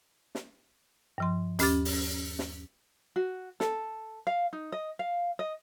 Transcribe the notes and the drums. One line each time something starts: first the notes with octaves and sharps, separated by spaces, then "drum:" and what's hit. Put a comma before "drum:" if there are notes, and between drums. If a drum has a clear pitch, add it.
drum: snare
G2 F3 C6
D#2 C#4 G4 D6 A6, drum: hi-hat
drum: open hi-hat
drum: snare
F#4
A4, drum: snare
F5
D#4
D#5
F5
D#5